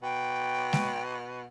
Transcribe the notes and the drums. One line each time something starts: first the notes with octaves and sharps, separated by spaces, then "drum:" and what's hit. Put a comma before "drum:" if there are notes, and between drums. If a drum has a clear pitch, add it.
B2 G5
drum: snare G#3